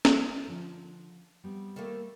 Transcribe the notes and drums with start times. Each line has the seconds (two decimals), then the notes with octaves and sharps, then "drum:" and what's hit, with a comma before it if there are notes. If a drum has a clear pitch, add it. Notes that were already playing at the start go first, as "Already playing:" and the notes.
0.05 drum: snare
0.47 D3 F3 A4
1.44 G3 B3 C4
1.76 D#3 A3 A#3